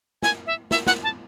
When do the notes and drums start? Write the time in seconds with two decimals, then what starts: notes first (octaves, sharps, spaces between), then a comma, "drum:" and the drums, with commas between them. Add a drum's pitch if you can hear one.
0.23 G#5, drum: snare
0.47 E5
0.71 E5, drum: snare
0.87 F#5, drum: snare
1.03 A5